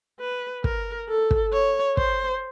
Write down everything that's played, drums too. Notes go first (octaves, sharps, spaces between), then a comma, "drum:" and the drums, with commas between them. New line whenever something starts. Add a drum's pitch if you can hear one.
B4
A#4, drum: kick
A4
drum: kick
C#5
C5, drum: kick